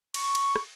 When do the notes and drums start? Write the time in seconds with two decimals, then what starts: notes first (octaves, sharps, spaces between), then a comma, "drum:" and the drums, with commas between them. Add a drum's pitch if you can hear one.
0.14 C#6, drum: cymbal
0.35 drum: cymbal
0.56 drum: rim click